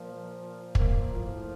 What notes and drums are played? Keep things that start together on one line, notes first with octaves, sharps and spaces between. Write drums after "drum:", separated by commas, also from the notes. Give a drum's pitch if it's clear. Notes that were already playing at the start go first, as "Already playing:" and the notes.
Already playing: A#2 F3
A#3, drum: kick
A2 F3